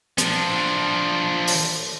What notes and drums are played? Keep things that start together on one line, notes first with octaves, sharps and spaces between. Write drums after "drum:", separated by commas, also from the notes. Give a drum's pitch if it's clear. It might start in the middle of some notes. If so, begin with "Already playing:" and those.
F3 D4, drum: hi-hat
drum: open hi-hat